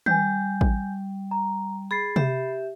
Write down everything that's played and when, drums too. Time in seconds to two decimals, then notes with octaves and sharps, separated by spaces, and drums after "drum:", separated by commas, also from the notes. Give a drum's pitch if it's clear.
0.06 G3 G#5 G6, drum: tom D#3
0.61 drum: kick
1.31 A#5
1.91 G#4 B5 A6 C7
2.16 G4 E5, drum: tom C3